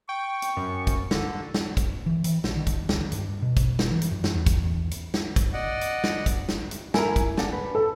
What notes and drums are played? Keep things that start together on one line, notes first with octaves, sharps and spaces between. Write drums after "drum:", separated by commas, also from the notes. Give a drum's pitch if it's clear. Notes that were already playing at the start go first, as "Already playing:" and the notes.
G5 C#6
drum: hi-hat
F#2
drum: kick, hi-hat
D3, drum: snare
drum: snare
drum: kick, hi-hat
E3
E3, drum: hi-hat
A#1, drum: snare
D#3
drum: kick, hi-hat
C#2, drum: snare
G2, drum: hi-hat
B2
drum: kick, hi-hat
drum: snare
E3
drum: hi-hat
F#2
drum: snare
E2
drum: kick, hi-hat
E2
drum: hi-hat
drum: snare
drum: kick, hi-hat
D5 D#5 F#5
drum: hi-hat
drum: snare
drum: kick, hi-hat
drum: snare
drum: hi-hat
E4 A#4 G#5 A#5, drum: snare
drum: kick, hi-hat
D4 F#5, drum: snare
B4
A4